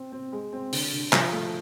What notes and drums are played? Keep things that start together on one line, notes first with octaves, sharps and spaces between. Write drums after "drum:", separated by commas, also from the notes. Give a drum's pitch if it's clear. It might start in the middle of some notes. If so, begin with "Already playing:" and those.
Already playing: C4
C4
G#3
C4
D3, drum: open hi-hat
D3
F3, drum: clap
A3